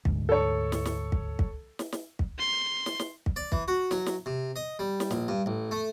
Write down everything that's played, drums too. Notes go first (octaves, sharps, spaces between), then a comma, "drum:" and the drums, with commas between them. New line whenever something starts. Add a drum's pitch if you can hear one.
D2 G#2, drum: kick
A4 C#5
drum: snare
drum: snare
drum: kick
drum: kick
drum: snare
drum: snare
drum: kick
C6
drum: snare
drum: snare
drum: kick
D5
E3, drum: kick
F#4
F#3, drum: snare
drum: snare
C3
D#5
G3
drum: snare
A#1, drum: snare
G2
A1
A3